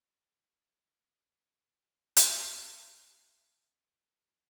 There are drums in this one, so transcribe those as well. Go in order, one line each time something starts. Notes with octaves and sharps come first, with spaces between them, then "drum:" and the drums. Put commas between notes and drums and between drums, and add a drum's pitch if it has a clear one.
A#4 B4
drum: hi-hat
D#4 C#5